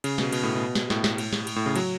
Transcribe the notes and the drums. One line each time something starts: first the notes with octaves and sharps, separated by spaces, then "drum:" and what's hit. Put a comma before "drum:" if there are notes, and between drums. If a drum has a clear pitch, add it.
C#3, drum: cymbal
B2, drum: snare
B2, drum: cymbal
A2
B2
drum: snare
A2, drum: snare
drum: snare
drum: cymbal
drum: snare
drum: cymbal
A2
C#3
F#3, drum: cymbal